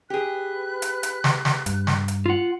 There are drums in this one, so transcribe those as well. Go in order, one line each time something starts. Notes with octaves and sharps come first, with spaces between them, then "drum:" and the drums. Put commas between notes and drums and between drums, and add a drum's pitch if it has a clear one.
G4 G#4 B4 F#6
drum: hi-hat
drum: hi-hat
drum: snare
drum: snare
G2, drum: hi-hat
drum: snare
drum: hi-hat
F4 F#5